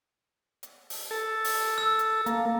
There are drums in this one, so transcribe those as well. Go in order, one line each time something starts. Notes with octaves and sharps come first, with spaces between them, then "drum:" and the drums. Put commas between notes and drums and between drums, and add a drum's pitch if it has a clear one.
drum: hi-hat
drum: open hi-hat
A4
drum: open hi-hat
E6
drum: hi-hat
A#3, drum: hi-hat